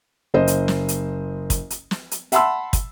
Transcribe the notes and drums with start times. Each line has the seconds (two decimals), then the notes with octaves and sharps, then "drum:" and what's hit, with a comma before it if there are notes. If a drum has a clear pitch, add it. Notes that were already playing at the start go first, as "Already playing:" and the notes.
0.34 F#1 C5 D#5
0.47 drum: hi-hat
0.68 drum: snare
0.88 drum: hi-hat
1.50 drum: kick, hi-hat
1.70 drum: hi-hat
1.91 drum: snare
2.11 drum: hi-hat
2.32 E5 F#5 A5 B5 C6 E6, drum: hi-hat
2.73 drum: kick, hi-hat